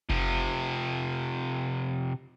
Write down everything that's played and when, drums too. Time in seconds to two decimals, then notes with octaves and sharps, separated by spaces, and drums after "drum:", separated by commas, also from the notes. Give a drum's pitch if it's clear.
0.10 C3 F3, drum: kick F#1